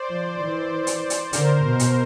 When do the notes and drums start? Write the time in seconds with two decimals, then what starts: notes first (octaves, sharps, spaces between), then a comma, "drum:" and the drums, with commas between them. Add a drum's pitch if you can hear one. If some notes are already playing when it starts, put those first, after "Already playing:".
Already playing: C5 D5
0.10 F3
0.40 E3
0.87 drum: hi-hat
1.10 drum: hi-hat
1.33 D3 A#4 C5, drum: hi-hat
1.64 B2
1.79 drum: hi-hat